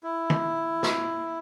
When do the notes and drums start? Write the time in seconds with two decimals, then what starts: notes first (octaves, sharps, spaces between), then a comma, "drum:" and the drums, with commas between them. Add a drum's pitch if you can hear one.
0.03 E4
0.30 drum: tom D3
0.83 drum: snare